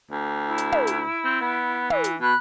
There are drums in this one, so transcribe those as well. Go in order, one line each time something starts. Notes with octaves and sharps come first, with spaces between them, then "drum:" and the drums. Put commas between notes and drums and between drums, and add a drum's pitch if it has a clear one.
D2
E4
drum: hi-hat
drum: tom
drum: hi-hat
C4
B3
E3, drum: tom
drum: hi-hat
B2 B5 F#6